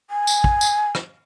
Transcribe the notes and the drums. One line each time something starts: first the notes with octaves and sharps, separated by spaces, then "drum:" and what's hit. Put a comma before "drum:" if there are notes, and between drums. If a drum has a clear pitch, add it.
G#5
drum: tambourine
drum: kick
drum: tambourine
drum: rim click